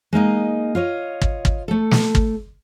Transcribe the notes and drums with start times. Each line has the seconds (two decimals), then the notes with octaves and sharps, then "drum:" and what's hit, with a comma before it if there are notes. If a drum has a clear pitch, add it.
0.13 G#3 A#3 D#4 D#5
0.75 F4 C#5 D#5
1.21 drum: kick
1.45 drum: kick
1.68 A3 A4
1.91 drum: snare
2.15 drum: kick